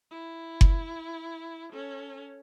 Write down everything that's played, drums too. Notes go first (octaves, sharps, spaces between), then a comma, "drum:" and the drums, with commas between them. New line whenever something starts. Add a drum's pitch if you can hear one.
E4
drum: kick F#1
C#4 A4